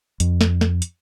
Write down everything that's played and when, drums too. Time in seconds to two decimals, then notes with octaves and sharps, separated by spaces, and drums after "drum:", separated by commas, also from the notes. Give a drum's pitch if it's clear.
0.20 F2, drum: hi-hat
0.41 drum: snare
0.61 drum: snare
0.82 drum: hi-hat